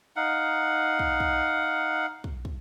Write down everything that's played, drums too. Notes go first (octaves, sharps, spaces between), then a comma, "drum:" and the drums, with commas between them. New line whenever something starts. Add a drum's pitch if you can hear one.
D#4 F5 F#5
drum: kick
drum: kick
drum: kick
drum: kick